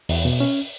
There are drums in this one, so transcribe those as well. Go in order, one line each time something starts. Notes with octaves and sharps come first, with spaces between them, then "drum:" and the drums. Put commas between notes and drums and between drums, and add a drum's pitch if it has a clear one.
E2, drum: open hi-hat
B2
C#4